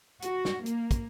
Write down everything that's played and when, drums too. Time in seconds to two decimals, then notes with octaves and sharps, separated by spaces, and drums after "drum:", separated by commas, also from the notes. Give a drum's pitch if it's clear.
0.22 F#4, drum: hi-hat
0.45 drum: snare
0.66 A#3, drum: hi-hat
0.91 drum: kick, hi-hat